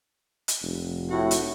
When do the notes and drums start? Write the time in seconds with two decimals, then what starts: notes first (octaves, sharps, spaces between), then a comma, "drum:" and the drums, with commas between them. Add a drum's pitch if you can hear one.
0.48 drum: hi-hat
0.62 F1
1.10 A2 F#4
1.31 drum: hi-hat